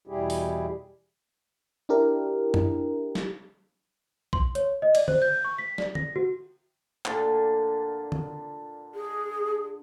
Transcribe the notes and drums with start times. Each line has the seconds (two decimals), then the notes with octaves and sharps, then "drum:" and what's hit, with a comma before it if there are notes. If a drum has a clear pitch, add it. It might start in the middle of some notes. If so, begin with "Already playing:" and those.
0.07 E2 B2 G3 E4 G4 G#4
0.30 drum: open hi-hat
1.89 D4 E4 G4 A#4
2.54 drum: tom F#2
3.15 drum: snare
4.33 C6, drum: kick A#1
4.55 C#5, drum: hi-hat
4.82 D#5
4.95 D5, drum: cymbal
5.08 C5, drum: tom D3
5.22 G6
5.45 C#6
5.58 B6
5.78 D5, drum: snare
5.95 A#6, drum: tom D3
6.16 F#4
7.05 A#2 D3, drum: clap
8.12 drum: tom D3
8.95 G#4